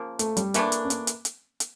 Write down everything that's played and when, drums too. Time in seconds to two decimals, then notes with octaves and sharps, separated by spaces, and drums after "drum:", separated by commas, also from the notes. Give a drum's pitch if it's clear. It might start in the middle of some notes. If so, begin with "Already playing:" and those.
Already playing: C#3 F3 A#3
0.19 A3, drum: hi-hat
0.37 G3, drum: hi-hat
0.54 E3 A3 A#3 D4, drum: hi-hat
0.72 drum: hi-hat
0.85 C#4
0.90 A#3, drum: hi-hat
1.07 drum: hi-hat
1.25 drum: hi-hat
1.60 drum: hi-hat